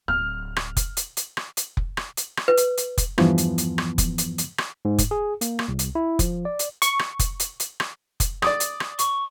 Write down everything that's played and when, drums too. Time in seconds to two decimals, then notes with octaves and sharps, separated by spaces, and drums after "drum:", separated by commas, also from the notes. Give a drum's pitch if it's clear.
0.08 D1 F6
0.56 drum: rim click
0.77 drum: kick F1, hi-hat
0.97 drum: hi-hat
1.17 drum: hi-hat
1.37 drum: rim click
1.57 drum: hi-hat
1.77 drum: kick F1
1.97 drum: rim click
2.17 drum: hi-hat
2.37 drum: rim click
2.48 B4
2.57 drum: hi-hat
2.77 drum: hi-hat
2.98 drum: kick F1, hi-hat
3.18 E2 G2 E3 F3 B3, drum: rim click
3.38 drum: hi-hat
3.58 drum: hi-hat
3.78 drum: rim click
3.98 drum: kick F1, hi-hat
4.18 drum: hi-hat
4.38 drum: hi-hat
4.58 drum: rim click
4.85 G#2
4.98 drum: kick F1, hi-hat
5.11 G#4
5.41 A#3, drum: hi-hat
5.59 drum: rim click
5.68 C2
5.79 drum: hi-hat
5.95 E4
6.19 F3, drum: kick F1, hi-hat
6.45 D5
6.59 drum: hi-hat
6.82 C#6, drum: hi-hat
6.99 drum: rim click
7.19 drum: kick F1, hi-hat
7.40 drum: hi-hat
7.60 drum: hi-hat
7.80 drum: rim click
8.20 drum: kick F1, hi-hat
8.42 D5 D6 D#6, drum: rim click
8.60 drum: hi-hat
8.80 drum: rim click
8.99 C#6, drum: hi-hat